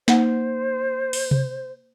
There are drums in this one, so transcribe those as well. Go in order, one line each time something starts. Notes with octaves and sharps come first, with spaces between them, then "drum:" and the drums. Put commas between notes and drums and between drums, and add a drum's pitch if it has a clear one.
A#3 D#4 C5 F#5, drum: snare
drum: open hi-hat
drum: tom C3